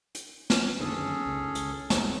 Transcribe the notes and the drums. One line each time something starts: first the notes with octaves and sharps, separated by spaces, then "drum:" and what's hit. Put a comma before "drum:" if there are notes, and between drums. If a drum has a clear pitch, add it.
drum: hi-hat
drum: snare
F#2 D3 D#3 C#4 G#4 A4
C#2
C#2, drum: hi-hat
E1 F#3 G#3 C4 D#4, drum: snare